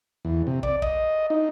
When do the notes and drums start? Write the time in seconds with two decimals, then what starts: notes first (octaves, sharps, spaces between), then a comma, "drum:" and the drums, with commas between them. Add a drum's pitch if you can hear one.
0.25 E2
0.47 C3
0.63 D5, drum: kick
0.82 D#5, drum: kick
1.30 D#4